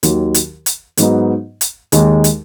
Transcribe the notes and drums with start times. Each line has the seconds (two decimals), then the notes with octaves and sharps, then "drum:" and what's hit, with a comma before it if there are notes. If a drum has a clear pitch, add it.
0.03 D#2 D#3 F#3, drum: hi-hat
0.34 drum: hi-hat
0.66 drum: hi-hat
0.97 G#2 F#3 B3 D#4, drum: hi-hat
1.61 drum: hi-hat
1.92 D#2 D#3 G#3 D#4, drum: hi-hat
2.24 drum: hi-hat